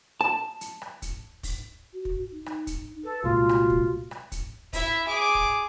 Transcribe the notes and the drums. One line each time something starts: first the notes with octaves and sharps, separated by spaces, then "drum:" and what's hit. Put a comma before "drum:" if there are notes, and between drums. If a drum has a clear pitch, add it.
A5
drum: hi-hat
drum: rim click
drum: kick, hi-hat
drum: kick, open hi-hat
F#4
drum: kick
D#4
drum: rim click
drum: kick, hi-hat
A4 B4
C2 A#2 G#3 F4 F#4
drum: rim click
drum: kick
drum: rim click
drum: kick, hi-hat
E4 E5, drum: kick, open hi-hat
G#4 D6
drum: kick